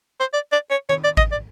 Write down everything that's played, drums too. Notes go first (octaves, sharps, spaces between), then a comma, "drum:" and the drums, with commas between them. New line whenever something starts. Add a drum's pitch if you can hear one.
C5
D5
D5
C#5
C#5, drum: tom D#3
D5
D#5, drum: kick G#1
D5